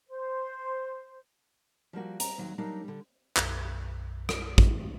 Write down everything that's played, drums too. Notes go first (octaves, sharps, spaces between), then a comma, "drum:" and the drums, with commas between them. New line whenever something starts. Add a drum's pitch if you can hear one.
C5
F3 G3 A#3 F#4
A#5, drum: hi-hat
D#2 F#3
F#3 G3 A#3 D4 D#4
D3 G3
B1 F#2, drum: clap
drum: rim click
drum: kick